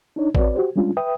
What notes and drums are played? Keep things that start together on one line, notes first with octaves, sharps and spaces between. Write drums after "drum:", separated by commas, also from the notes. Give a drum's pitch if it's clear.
D4 D#4 C#5
C4 F#4 B4 C#5 D5, drum: kick A1
F#4 G4 C5
G3 G#3 C#4 D4 F4
B4 E5 G5 D#6